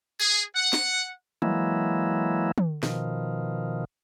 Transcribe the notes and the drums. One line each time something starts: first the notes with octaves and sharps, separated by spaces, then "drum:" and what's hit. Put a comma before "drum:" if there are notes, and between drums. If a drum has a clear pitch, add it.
G#4, drum: tambourine
F#5
drum: snare
E3 F#3 G#3 A#3 E4, drum: tom
drum: tom
B2 D#3 F3, drum: snare